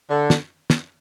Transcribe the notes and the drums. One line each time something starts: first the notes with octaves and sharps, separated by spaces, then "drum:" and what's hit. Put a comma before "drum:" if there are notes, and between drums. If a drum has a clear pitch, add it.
D3
drum: snare
drum: snare